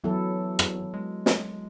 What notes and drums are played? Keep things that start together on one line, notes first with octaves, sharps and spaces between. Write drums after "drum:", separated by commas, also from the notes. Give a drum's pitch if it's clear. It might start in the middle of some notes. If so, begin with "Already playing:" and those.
E3 F#3 B3 E4 A4
drum: rim click
G#3
drum: snare